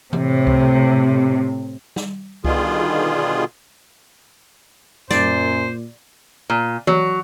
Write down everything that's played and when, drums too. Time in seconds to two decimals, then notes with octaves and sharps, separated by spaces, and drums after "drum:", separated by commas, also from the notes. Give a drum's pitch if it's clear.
0.13 A2 C3, drum: tom E3
0.47 drum: kick C#2
1.96 drum: snare
2.45 B2 D3 D#3 G3 F4 G#4, drum: kick C#2
5.11 F#2 A#2 C5 D5, drum: snare
6.50 A#2
6.87 F#3, drum: tom E3